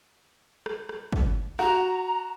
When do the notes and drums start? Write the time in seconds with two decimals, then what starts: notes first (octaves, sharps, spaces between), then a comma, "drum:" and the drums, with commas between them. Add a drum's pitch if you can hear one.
0.66 drum: rim click
0.89 drum: rim click
1.12 drum: kick
1.59 F#4 A#5, drum: rim click